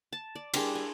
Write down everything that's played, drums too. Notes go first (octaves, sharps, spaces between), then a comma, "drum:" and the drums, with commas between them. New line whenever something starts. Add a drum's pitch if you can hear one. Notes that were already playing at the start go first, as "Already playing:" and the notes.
A5
D5
G3 D4 G#4, drum: cymbal
G#5